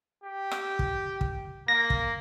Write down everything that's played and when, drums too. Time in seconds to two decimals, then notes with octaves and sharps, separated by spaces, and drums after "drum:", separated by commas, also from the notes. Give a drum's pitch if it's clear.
0.24 G4
0.51 drum: rim click
0.79 drum: kick
1.21 drum: kick
1.68 A#3 A#6
1.90 drum: kick